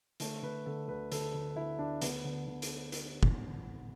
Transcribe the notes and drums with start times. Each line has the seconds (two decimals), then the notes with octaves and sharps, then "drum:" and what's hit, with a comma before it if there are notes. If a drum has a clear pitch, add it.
0.20 D3 A3, drum: hi-hat
0.43 D3 B4
0.66 D3 A4
0.88 D2 B4
1.12 D3 A4, drum: hi-hat
1.34 D2
1.56 D3 E4
1.79 D2 D4
2.02 D2 B3, drum: hi-hat
2.25 D3
2.47 D3
2.62 drum: hi-hat
2.92 drum: hi-hat
3.23 drum: kick